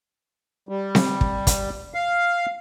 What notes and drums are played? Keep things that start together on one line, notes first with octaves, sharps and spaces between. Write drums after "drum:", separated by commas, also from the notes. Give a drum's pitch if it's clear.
G3
drum: snare C4
drum: kick
drum: kick, hi-hat
F5